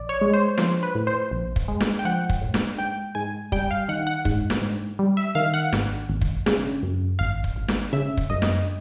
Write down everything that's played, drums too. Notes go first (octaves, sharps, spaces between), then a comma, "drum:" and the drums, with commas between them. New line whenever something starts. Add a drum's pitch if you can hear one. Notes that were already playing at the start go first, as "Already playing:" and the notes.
Already playing: A#1 D5
C#5
G#3
C5
F3 C5, drum: snare
B4
A2
C5
A#1
drum: kick
G#3
drum: snare
G5
F3 F#5
drum: kick
A2
drum: snare
G#2 G5
G#2 G#5
G3 G5, drum: kick
F5
D#3 F#5
F#5
G#2, drum: kick
drum: snare
G#2
G3
E5
D#3 F5
F#5
G#1, drum: snare
G#1
drum: kick
C#3, drum: snare
F#2
G#1 F5
drum: kick
G#1
drum: snare
C#3 E5
drum: kick
F#2 D#5
drum: snare